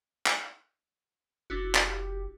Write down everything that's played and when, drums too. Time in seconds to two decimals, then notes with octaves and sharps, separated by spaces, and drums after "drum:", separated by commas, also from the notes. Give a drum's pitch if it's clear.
0.26 drum: clap
1.50 F1 D4 E4 F#4
1.75 drum: clap
1.84 G4